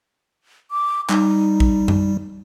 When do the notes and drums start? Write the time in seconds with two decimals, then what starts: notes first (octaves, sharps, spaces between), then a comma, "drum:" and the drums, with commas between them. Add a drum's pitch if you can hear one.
0.71 D6
1.09 G3 D#4, drum: clap
1.60 drum: kick A#1
1.88 drum: tom F#2